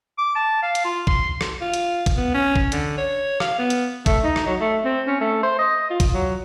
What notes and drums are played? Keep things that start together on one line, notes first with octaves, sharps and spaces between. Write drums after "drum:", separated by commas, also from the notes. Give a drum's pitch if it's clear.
D6
A5
F5
drum: hi-hat
F4
C6, drum: kick
drum: rim click
F4
drum: hi-hat
drum: kick, hi-hat
B3
C#4
drum: kick
D3, drum: hi-hat
C#5
F5, drum: rim click
B3
drum: hi-hat
A3, drum: kick, hi-hat
D#4
drum: rim click
F#3
A3
C4
C#4
A3
C5
D#5
F4
drum: kick, hi-hat
F#3